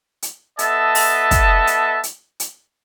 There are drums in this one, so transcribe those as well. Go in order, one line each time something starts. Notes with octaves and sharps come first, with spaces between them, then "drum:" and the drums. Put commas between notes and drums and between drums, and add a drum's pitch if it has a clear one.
drum: hi-hat
B3 A4 D#5 E5 A5, drum: hi-hat
drum: open hi-hat
drum: kick, hi-hat
drum: hi-hat
drum: hi-hat
drum: hi-hat